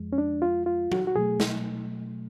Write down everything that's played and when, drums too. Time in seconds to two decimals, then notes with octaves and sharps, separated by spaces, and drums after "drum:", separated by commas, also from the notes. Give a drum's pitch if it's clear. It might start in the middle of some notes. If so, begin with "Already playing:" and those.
Already playing: F2 F3 G#3
0.13 C#4
0.18 D4
0.42 F4
0.66 F4
0.92 F#4, drum: tom F#3
1.07 F#4
1.15 B2 F#3 A3 G#4
1.40 drum: snare